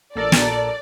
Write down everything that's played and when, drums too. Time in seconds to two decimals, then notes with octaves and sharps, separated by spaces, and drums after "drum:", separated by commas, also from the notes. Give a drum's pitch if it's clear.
0.16 A#1 A4 A#4 D5
0.32 drum: snare